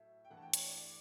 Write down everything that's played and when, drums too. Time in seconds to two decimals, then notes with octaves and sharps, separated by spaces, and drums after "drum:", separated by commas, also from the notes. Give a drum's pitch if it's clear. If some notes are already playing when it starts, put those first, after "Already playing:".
Already playing: A2 F#3 A3 E5
0.25 G5
0.30 G2 E3 A3 F#5
0.37 A5
0.42 G5
0.53 C#5, drum: hi-hat
0.65 D5
0.77 D5